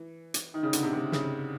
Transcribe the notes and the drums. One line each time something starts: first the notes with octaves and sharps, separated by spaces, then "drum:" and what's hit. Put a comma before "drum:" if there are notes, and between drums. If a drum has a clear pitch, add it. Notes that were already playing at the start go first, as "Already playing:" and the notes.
Already playing: E3
drum: hi-hat
D#3
C#3
D3, drum: hi-hat
C3
C3
C#3, drum: snare